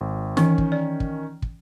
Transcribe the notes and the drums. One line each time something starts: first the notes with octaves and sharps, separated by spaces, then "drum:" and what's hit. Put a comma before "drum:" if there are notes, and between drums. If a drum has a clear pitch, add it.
G#1
D#3 E3 C#4, drum: snare
drum: kick
D5
drum: kick
drum: kick